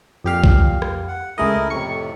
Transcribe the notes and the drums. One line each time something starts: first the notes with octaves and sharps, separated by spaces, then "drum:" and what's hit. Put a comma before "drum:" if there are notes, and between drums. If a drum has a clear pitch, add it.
F2 A#2 G4 F5
drum: kick
drum: rim click
F#5
C#2 G#3 A3 E4 A#4 D#5
F2 A2 C3 C#6 C#7